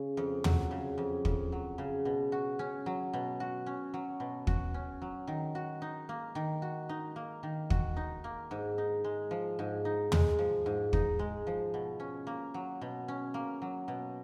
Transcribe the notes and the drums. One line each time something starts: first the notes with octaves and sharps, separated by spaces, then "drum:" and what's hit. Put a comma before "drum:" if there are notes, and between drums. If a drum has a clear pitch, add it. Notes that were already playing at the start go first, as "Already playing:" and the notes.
Already playing: C#3
F2
F#3, drum: tom
C#3
F2
F2, drum: kick
F#3
C#3
B2
F#4
C#4
F#3
B2
F#4
C#4
F#3
B2
F#4, drum: kick
C#4
F#3
D#3
F#4
D#4
A#3
D#3
F#4
D#4
A#3
D#3
F#4, drum: kick
D#4
A#3
G#2
D#4
G#3
F3
G#2
D#4
G#3, drum: tom
F3
G#2
D#4, drum: kick
G#3
F3
B2
C#4
A#3
F#3
B2
C#4
A#3
F#3
B2